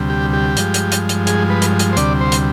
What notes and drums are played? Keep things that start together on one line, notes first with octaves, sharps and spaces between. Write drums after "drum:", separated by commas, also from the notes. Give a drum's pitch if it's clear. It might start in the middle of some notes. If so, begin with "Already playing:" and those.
Already playing: D2 C3 G3
G4
G4
G2 F3 G#3, drum: hi-hat
drum: hi-hat
drum: hi-hat
drum: hi-hat
G#4, drum: hi-hat
B4
drum: hi-hat
drum: hi-hat
C5
D2 C3 G3 D5, drum: hi-hat
C5
drum: hi-hat